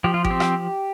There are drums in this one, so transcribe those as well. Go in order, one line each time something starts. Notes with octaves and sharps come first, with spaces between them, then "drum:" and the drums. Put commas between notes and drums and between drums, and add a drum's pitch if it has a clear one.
F3 G4
F4
G4, drum: kick G#1
C4
drum: rim click